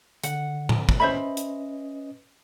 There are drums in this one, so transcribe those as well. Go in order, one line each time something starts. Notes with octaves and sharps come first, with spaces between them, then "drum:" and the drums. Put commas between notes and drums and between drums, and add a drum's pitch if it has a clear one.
D3 F#5, drum: hi-hat
drum: tom A2
drum: kick
C#4 B4 C5 D#5 E5 B5
drum: hi-hat